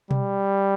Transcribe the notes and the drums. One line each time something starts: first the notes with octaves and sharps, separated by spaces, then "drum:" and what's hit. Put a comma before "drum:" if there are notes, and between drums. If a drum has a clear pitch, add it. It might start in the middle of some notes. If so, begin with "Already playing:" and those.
G3, drum: tom B2